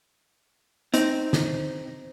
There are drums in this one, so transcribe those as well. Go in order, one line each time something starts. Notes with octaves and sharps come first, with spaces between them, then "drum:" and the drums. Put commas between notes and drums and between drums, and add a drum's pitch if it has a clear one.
C4 D#4, drum: hi-hat
drum: snare